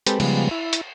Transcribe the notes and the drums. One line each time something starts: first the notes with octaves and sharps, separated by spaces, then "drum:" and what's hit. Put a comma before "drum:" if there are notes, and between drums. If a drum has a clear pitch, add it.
G#3 C4 G4 A4 B4, drum: hi-hat
C#3 F3 G3 G#3 B3, drum: cymbal
E4
drum: hi-hat